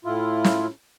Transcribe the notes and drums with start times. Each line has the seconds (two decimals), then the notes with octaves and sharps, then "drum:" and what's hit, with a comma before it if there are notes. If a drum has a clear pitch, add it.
0.05 A2 E4 F4
0.44 drum: snare